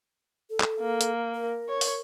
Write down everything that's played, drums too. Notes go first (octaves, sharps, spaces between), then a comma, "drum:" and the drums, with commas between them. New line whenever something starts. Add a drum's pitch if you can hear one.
A4
drum: clap
A#3
drum: hi-hat
A#4
C#5
drum: open hi-hat